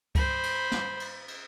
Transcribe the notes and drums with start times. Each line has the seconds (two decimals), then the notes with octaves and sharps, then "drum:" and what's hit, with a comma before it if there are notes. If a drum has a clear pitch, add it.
0.15 C5 B5, drum: kick C#2, cymbal
0.43 drum: cymbal
0.72 drum: snare
1.00 drum: cymbal
1.28 drum: cymbal